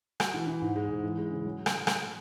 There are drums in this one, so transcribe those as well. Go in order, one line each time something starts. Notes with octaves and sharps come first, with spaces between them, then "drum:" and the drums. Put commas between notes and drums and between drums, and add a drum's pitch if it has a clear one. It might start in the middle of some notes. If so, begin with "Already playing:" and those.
F#4, drum: rim click
E3
E3
G#2
G#3
G#2
E3
G#3
C#3
F#3
drum: rim click
drum: rim click